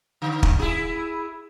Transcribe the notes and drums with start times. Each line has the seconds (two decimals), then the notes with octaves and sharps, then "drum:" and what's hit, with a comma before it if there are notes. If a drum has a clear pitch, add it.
0.22 D3
0.43 drum: kick
0.59 E4 G#4